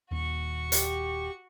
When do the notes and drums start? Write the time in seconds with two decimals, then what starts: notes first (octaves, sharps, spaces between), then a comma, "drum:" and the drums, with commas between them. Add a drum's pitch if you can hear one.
0.11 D#1 D#2 F#4 C#6
0.72 G4, drum: hi-hat